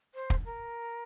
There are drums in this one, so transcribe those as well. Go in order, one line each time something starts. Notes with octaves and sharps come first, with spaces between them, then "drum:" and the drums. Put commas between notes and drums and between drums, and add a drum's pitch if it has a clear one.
C5
drum: kick
A#4